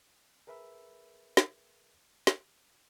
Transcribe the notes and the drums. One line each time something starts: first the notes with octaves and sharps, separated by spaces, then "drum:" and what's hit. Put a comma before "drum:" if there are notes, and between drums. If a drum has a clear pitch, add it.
G#4 A#4 B4 E5 B5 E6
drum: snare
drum: snare